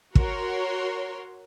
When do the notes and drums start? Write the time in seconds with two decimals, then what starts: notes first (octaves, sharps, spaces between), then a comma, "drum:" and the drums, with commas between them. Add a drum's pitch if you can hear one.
0.15 F#4 A#4 C#5 C6, drum: kick